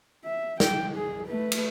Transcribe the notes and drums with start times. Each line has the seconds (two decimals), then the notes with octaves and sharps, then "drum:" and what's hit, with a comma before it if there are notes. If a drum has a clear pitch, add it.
0.24 E5
0.60 G5, drum: snare
0.96 G#4
1.27 A3 B4
1.52 drum: cymbal